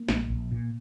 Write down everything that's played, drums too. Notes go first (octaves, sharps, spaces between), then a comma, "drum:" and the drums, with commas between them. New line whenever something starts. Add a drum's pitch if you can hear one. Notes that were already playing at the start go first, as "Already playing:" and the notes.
Already playing: A#3
A#1, drum: snare
A#1
A#2